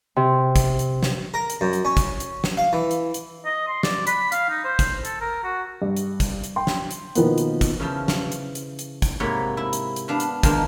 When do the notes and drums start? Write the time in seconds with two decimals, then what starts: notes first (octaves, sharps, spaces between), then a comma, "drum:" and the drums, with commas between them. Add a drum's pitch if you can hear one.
0.16 C3
0.56 drum: kick, hi-hat
0.79 drum: hi-hat
1.03 drum: snare
1.34 A#4
1.50 drum: hi-hat
1.61 F#2
1.73 drum: hi-hat
1.85 C#4
1.97 drum: kick, hi-hat
2.20 drum: hi-hat
2.44 drum: snare
2.57 F5
2.73 E3
2.91 drum: hi-hat
3.14 drum: hi-hat
3.45 D#5
3.68 C6
3.83 D5, drum: snare
4.07 B5, drum: hi-hat
4.32 F5, drum: hi-hat
4.50 D#4
4.64 C5
4.79 drum: kick, hi-hat
5.05 A4, drum: hi-hat
5.20 A#4
5.44 F#4
5.82 G2
5.97 drum: hi-hat
6.20 drum: kick, hi-hat
6.44 drum: hi-hat
6.56 G5 C6
6.67 drum: snare
6.91 drum: hi-hat
7.15 B2 D#3 F3 A#3 B3, drum: hi-hat
7.38 drum: hi-hat
7.61 drum: kick, hi-hat
7.80 C#3 E3 F3
8.08 drum: snare
8.32 drum: hi-hat
8.55 drum: hi-hat
8.79 drum: hi-hat
9.02 drum: kick, hi-hat
9.20 G#2 C3 A#3 C#5 F#5 B5
9.57 E4
9.73 drum: hi-hat
9.96 drum: hi-hat
10.08 B3 D4 F5
10.20 drum: hi-hat
10.43 D#3 F3 G#3 A#3 D4 F5, drum: kick, hi-hat